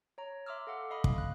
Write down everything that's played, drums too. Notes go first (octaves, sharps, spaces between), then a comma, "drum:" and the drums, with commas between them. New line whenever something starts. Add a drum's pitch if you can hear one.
C#5 A#5
E5 C6 D6 E6 F6
A4 F5 F#5 D6
D#5 F5 B5 D#6
drum: kick
F#6